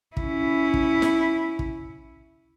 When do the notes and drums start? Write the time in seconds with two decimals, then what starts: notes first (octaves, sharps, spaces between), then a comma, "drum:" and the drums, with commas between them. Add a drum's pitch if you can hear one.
0.17 C#4 E4, drum: kick
0.74 drum: kick
1.02 drum: snare
1.59 drum: kick